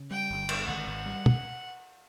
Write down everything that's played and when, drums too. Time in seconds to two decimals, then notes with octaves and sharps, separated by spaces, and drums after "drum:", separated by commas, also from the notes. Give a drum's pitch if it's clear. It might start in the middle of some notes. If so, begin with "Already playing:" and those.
Already playing: C#3
0.11 G3 G5
0.30 G1
0.49 D3, drum: cymbal
0.68 G#1 F#5
0.87 G#1
1.06 G3
1.26 drum: tom